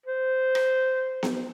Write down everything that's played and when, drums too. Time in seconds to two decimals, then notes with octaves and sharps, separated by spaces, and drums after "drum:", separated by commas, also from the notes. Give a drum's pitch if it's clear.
0.06 C5
0.55 drum: rim click
1.23 drum: snare B3